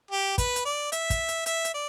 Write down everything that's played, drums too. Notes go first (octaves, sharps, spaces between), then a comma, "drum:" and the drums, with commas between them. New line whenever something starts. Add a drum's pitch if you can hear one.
G4
B4, drum: kick, hi-hat
drum: hi-hat
D5
E5, drum: hi-hat
drum: kick, hi-hat
drum: hi-hat
E5, drum: hi-hat
drum: hi-hat
D5